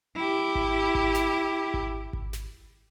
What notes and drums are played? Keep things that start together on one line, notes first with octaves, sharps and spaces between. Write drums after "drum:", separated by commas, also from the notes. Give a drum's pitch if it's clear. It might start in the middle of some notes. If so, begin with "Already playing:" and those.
E4 G4
drum: kick G#1
drum: kick G#1
drum: snare
drum: kick G#1
drum: kick G#1
drum: snare